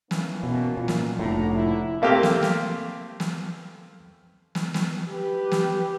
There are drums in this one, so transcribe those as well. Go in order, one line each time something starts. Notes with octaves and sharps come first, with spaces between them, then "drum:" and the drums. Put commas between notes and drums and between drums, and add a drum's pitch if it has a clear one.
E3 A#3 C#4, drum: snare
B2
A#2
drum: snare
F1 A2 D4 F#5 A#5
D3 E3 E4
A3 A#3 C4 G4
drum: snare
drum: snare
drum: snare
drum: snare
drum: snare
G4 B4
drum: snare